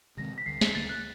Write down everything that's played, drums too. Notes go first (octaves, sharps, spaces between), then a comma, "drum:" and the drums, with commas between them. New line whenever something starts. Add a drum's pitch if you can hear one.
C3 D#3 G#3 C4 A#6
B6
D2 D3 G3 C7
B6, drum: snare
D2 D3 G3 A6
F#6